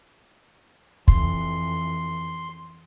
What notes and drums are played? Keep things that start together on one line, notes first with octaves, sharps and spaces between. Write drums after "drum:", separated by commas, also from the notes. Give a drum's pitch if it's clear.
F2 E3 C6, drum: kick